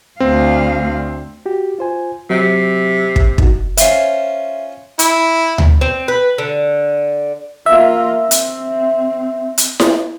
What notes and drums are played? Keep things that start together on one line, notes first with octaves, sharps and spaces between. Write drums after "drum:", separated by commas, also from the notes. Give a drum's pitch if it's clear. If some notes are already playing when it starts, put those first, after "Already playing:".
D2 C4 F5
F#4 G4
F4 C5 G#5
C3 F#3 C4
drum: kick
D#4 F#4, drum: kick
C#4 F4 C5 E5 C7, drum: hi-hat
E4, drum: hi-hat
drum: tom D2
C4
B4
D3
A#3 F4 E5
C4, drum: hi-hat
drum: hi-hat
drum: snare E4